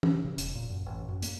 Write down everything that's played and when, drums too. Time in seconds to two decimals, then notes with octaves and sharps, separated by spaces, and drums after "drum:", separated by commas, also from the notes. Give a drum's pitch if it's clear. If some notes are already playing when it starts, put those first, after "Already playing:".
0.03 drum: tom
0.25 C#3
0.38 E1, drum: hi-hat
0.55 A#2
0.70 F#2
0.86 A1
1.09 F#2
1.22 A#3, drum: hi-hat